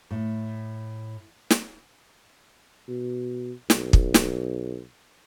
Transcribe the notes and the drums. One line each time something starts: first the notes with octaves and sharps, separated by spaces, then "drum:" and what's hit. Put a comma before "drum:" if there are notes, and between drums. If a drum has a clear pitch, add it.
A2
drum: snare
B2
B1, drum: snare
drum: kick
drum: snare